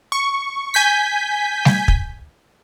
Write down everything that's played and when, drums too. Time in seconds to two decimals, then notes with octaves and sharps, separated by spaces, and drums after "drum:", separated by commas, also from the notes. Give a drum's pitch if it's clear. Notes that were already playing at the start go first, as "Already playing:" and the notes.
0.12 C#6
0.74 G#5 G6 B6
1.65 drum: snare G3
1.88 drum: kick